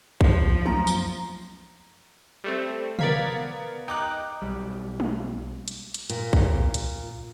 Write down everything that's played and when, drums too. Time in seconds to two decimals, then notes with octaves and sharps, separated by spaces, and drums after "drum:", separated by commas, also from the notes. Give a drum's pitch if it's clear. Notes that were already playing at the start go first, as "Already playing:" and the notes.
0.21 F3, drum: kick
0.66 F#2 A#5, drum: tom
0.87 drum: tambourine
2.44 G3 A3 C4
2.99 B3 A#4 D5 F5 G#6 B6, drum: tom
3.88 D#4 G5 D6 F#6
4.42 B1 G3
5.00 drum: tom
5.68 drum: hi-hat
5.94 drum: hi-hat
6.10 A#2, drum: hi-hat
6.33 drum: kick
6.74 drum: hi-hat